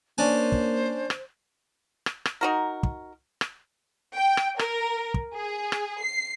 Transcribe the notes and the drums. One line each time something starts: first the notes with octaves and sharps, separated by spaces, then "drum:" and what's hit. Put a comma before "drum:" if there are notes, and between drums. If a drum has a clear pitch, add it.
A#3 C#4 D4 C5 G#5
drum: kick
drum: rim click
drum: rim click
drum: rim click
D#4 F#4 A#4
drum: kick
drum: rim click
G5
drum: rim click
A#4, drum: rim click
drum: kick
G#4
drum: rim click
C7